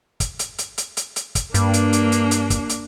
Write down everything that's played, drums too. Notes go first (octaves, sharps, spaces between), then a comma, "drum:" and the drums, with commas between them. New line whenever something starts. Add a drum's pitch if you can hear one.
drum: kick, hi-hat
drum: hi-hat
drum: hi-hat
drum: hi-hat
drum: hi-hat
drum: hi-hat
drum: kick, hi-hat
G2 A#3 D4, drum: hi-hat
drum: hi-hat
drum: hi-hat
drum: hi-hat
drum: hi-hat
drum: kick, hi-hat
drum: hi-hat